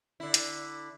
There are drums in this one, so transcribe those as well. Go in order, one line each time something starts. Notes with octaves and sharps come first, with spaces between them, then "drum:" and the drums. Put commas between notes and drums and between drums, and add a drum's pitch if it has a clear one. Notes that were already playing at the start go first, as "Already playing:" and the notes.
D3 E4
drum: hi-hat